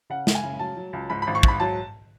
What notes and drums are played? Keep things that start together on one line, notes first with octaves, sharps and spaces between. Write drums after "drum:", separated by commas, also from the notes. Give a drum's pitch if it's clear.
C#3 F#5
F#1, drum: snare
G#5
C#3
F#3 A5
F#3
C#2
G#2 B5
G#1 B5
C#6
G#2 B5, drum: kick
F#3 A5